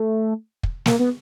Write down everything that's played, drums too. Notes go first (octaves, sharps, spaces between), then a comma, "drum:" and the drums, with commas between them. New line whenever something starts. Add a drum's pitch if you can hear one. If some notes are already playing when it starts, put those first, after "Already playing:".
Already playing: A3
drum: kick
A#3, drum: snare
B3